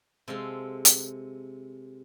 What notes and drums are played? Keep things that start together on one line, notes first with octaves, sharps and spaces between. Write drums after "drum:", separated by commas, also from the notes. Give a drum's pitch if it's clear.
C3 G#3 A4 F5 C6
drum: hi-hat